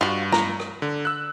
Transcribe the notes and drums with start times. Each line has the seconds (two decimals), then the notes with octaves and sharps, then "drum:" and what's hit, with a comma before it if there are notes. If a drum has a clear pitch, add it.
0.01 G2 F4 F#4
0.32 A#5, drum: snare
0.60 drum: rim click
0.82 D3
1.05 E6 F#6